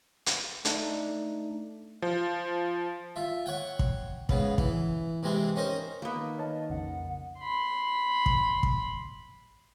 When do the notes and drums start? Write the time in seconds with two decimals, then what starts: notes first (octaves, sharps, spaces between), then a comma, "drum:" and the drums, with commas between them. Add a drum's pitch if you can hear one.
0.26 drum: hi-hat
0.65 A3 D4 D#4, drum: hi-hat
2.02 F3
3.16 F4 E5
3.46 C#5 F#5 G5
3.79 drum: kick
4.29 G#2 C#3 B3, drum: kick
4.58 E3, drum: kick
5.23 C3 E3 G#3 C4
5.56 C#4 D#4 A#4 C5
6.02 D#3 A#3 B3
6.38 C#5 D#5 F5 A5
6.70 B1 F2 C#3 F#5
7.39 B5 C6
8.26 drum: kick
8.63 drum: kick